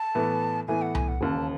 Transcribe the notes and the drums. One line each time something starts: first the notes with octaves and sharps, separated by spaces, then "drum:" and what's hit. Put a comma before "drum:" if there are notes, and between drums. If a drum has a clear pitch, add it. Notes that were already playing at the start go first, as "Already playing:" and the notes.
Already playing: A5
A2 E3 B3
A2 E3 B3 G#5
F#5
G#5, drum: tom C2
F#5
E1 D#2 C#3 A5